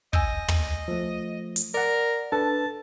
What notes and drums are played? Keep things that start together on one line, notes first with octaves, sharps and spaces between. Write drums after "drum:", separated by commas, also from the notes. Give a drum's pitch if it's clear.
D#5 G#5 E6 G6, drum: kick
drum: tom
F3 A3
drum: hi-hat
A#4 D5 F#5
D4 A4 B4 A5